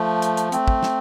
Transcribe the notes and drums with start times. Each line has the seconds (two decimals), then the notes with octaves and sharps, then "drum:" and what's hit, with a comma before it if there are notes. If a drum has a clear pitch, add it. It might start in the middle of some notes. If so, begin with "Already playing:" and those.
Already playing: F3 A3
0.22 drum: hi-hat
0.37 drum: hi-hat
0.52 A3 C4, drum: hi-hat
0.68 drum: kick
0.83 drum: snare